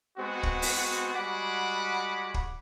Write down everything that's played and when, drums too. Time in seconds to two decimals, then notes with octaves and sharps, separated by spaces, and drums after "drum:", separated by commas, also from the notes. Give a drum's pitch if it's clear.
0.18 G#3 B3 C4 F#4
0.43 drum: kick
0.62 drum: open hi-hat
1.13 G3 G#3 F#4 F#5 B5 D6
2.34 drum: kick